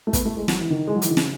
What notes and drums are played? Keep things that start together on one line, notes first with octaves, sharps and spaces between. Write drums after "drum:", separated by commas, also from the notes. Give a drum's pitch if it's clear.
A3
B3, drum: kick, hi-hat
A3
G#3
F#3, drum: snare
E3
D#3
G#3
F#3
E3, drum: hi-hat
D#3
C#3, drum: snare